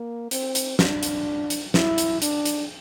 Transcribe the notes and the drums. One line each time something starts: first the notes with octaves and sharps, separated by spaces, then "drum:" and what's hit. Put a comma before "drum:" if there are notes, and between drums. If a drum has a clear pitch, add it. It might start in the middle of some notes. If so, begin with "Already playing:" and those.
Already playing: A#3
C4, drum: hi-hat
drum: hi-hat
D4, drum: snare
drum: hi-hat
drum: hi-hat
E4, drum: snare
drum: hi-hat
D4, drum: hi-hat
drum: hi-hat